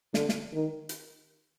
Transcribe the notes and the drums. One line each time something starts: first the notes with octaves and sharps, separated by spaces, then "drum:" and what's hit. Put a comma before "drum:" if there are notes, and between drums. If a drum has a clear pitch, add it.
D3, drum: snare
drum: snare
D#3
drum: hi-hat